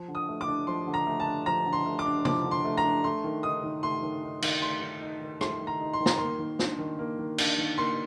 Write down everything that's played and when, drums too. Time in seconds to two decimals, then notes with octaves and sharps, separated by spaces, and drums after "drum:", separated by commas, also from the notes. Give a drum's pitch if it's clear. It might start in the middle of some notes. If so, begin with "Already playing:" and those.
Already playing: F3
0.08 D3
0.15 D#6
0.28 A3
0.41 D6
0.48 D4
0.67 F3 C6
0.87 D3
0.94 A#5
1.07 A3
1.20 A5
1.26 D4
1.46 F3 A#5
1.66 D3
1.73 C6
1.86 A3
1.99 D6
2.06 D4
2.25 F3 D6, drum: tom C3
2.45 D3
2.51 C6
2.65 A3
2.77 A#5
2.85 D4
3.04 A3 C6
3.24 D#3
3.43 D#4 D#6
3.63 D#3
3.83 A3 C6
4.02 D#3
4.23 D#4
4.42 D#3, drum: cymbal
4.62 A3 C6
4.82 D#3
5.01 D#4
5.21 D#3
5.41 A3 C6, drum: rim click
5.61 D#3
5.67 A#5
5.81 D#4
5.93 C6
6.00 D#3
6.06 A#5, drum: snare
6.18 A#3 C6
6.39 D#3
6.59 D4, drum: snare
6.79 D#3
6.99 A#3
7.19 D#3
7.38 D4, drum: cymbal
7.58 D#3
7.78 A#3 C6